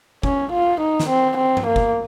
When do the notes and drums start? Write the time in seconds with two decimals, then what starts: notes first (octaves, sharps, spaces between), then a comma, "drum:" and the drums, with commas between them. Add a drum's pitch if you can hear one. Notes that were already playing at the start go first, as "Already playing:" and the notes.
0.23 C#4, drum: kick
0.52 F4
0.81 D#4
1.00 drum: snare
1.09 C4
1.37 C4
1.57 drum: tom
1.66 A#3
1.76 drum: kick